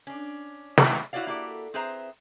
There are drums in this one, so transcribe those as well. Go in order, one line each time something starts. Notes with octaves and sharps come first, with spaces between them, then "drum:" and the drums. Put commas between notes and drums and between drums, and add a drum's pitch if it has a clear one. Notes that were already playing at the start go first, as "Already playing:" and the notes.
C#4 D4
G2 D#3 B3 E4 G4 B4, drum: snare
E4 F#4 A#4 C#5 D5 F5
A#3 E4 F#4 G4 A4 D5
C4 G#4 B4 C5 E5 A#5